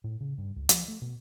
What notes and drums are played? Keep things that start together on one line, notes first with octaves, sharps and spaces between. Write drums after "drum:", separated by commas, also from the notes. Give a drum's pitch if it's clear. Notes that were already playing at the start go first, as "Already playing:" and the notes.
A2
C#3
G2
C#2
F3, drum: hi-hat
A3
B2